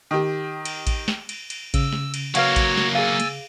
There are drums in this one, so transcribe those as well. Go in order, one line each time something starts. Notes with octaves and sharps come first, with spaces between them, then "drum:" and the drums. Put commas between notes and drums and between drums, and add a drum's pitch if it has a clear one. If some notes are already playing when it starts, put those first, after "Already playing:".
D#3 G4
drum: cymbal
drum: kick A1, cymbal
drum: snare
drum: cymbal
drum: cymbal
C#3 E6, drum: kick A1, cymbal
drum: snare
drum: cymbal
F#3 A#3 F#4 B4 C#5 F5 F#5, drum: cymbal
drum: kick A1, cymbal
drum: snare
G#4 F5 G#5 E6 A6
drum: cymbal